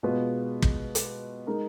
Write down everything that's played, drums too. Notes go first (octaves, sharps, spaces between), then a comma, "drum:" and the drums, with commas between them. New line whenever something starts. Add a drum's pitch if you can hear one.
B2 G#3 B3 F4
drum: kick
drum: hi-hat
G#3 D#4 A#4